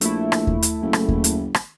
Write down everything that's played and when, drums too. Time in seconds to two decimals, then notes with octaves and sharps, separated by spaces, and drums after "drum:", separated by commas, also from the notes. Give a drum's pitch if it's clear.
0.01 A#1 A3 E4, drum: hi-hat
0.32 drum: rim click
0.47 drum: kick D#2
0.62 drum: hi-hat
0.82 F#1
0.93 drum: rim click
1.08 drum: kick D#2
1.24 drum: hi-hat
1.54 drum: rim click